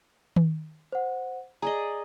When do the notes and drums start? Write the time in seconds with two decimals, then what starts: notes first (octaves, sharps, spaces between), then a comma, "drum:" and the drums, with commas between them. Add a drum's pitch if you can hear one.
0.36 drum: tom D#3
0.92 C5 F#5
1.62 G#4 D5 D#5 A#5